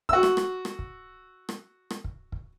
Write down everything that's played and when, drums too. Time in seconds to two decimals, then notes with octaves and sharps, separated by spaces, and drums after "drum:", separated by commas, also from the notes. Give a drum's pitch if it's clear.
0.09 F#4 E6, drum: kick
0.23 drum: rim click
0.37 drum: rim click
0.65 drum: rim click
0.79 drum: kick
1.49 drum: rim click
1.90 drum: rim click
2.04 drum: kick
2.32 drum: kick